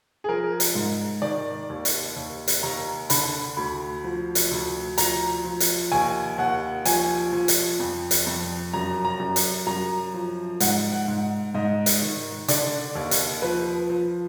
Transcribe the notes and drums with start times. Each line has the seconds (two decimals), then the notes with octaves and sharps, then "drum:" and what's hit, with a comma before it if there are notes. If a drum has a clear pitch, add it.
0.24 G#4
0.29 F3 A#4
0.60 drum: hi-hat
0.75 G#2
1.22 D#3 D5
1.70 D#2
1.85 drum: hi-hat
2.16 D#2
2.48 drum: hi-hat
2.63 D#2 A#5
3.10 D3 B5, drum: hi-hat
3.57 D2 B5
4.04 F3
4.35 drum: hi-hat
4.51 D2
4.98 F3 A#5, drum: hi-hat
5.45 F3
5.60 drum: hi-hat
5.92 D#2 G#5
6.38 D#2 F#5
6.85 F3 G#5, drum: hi-hat
7.33 F3
7.48 drum: hi-hat
7.79 F2
8.11 drum: hi-hat
8.26 F2
8.73 F#2 A#5
9.05 A#5
9.20 F#2
9.36 drum: hi-hat
9.67 F#2 A#5
10.14 F3
10.60 G#2 F#5, drum: hi-hat
10.93 F#5
11.08 G#2
11.54 G#2 D#5
11.86 drum: hi-hat
12.02 D#3
12.48 D3 D5, drum: hi-hat
12.95 D#2
13.11 drum: hi-hat
13.42 F3 B4
13.90 F3